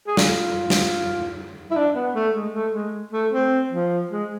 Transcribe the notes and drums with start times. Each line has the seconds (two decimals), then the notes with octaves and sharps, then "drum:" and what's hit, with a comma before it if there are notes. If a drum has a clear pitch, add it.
0.07 G#4
0.17 F4, drum: snare
0.70 drum: snare
1.71 E4
1.76 D4
1.95 B3
2.14 A3
2.34 G#3
2.54 A3
2.74 G#3
3.13 A3
3.32 C4
3.72 F3
4.11 G#3